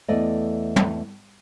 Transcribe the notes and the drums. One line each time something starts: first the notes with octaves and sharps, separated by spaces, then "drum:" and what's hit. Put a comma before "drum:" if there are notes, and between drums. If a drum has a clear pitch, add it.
E2 A3 D5 D#5
drum: tom